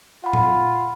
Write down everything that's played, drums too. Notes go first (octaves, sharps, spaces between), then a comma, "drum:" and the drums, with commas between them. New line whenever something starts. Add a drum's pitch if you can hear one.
F4 F#5 B5
drum: tom A#2